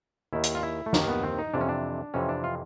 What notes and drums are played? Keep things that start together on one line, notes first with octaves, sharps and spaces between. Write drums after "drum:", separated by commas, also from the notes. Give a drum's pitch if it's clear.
D#2 D#3 E4
drum: hi-hat
F4
E4
A3
D#2 D#3 A#3, drum: snare
B3
C4
D#4
F2 C3 E3 D4
C#4
D4
F2 C3 E3 C#4
D4
F4